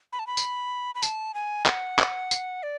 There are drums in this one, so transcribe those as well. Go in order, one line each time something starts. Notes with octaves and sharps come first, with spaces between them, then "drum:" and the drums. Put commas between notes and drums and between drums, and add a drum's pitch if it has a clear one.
B5
A5
B5
drum: tambourine
B5
A5, drum: tambourine
G#5
F#5, drum: clap
drum: clap
drum: tambourine
D5